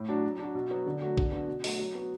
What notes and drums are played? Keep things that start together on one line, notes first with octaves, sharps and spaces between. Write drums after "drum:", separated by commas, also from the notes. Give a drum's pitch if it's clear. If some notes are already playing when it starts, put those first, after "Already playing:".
Already playing: A2
F#3 D4 F#4
F#3
D4 F#4
B2
F#3 B3 F#4
D3
F#3 A3 F#4
D3, drum: kick
B3 D4 F#4
B2
F#3 A3 F#4, drum: open hi-hat
F#3
B3 F#4